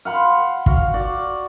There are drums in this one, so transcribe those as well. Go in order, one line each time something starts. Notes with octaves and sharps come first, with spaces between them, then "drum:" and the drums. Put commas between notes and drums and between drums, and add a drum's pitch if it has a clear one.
F5 F#5 B5 C6
F#4 F5, drum: kick
F#4 D5